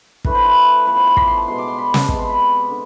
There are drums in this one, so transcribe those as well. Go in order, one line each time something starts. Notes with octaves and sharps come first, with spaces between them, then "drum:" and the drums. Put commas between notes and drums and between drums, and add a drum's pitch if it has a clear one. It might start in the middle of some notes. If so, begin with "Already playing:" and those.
E3 A3 D4 B4, drum: kick
C5
B4
A2 F3 B3 B4
C5
B5
D6, drum: kick
C6
A5
B2 G#3 B3 C6
D6
C6
B5
A5, drum: snare
C3 G#3 B3 C6, drum: kick
B5
B5
D3